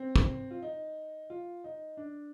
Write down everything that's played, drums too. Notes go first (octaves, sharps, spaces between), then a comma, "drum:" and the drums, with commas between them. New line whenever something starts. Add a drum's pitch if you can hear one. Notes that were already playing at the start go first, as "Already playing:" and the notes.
Already playing: C4
drum: kick
F4
D#4
F4
D#4
D4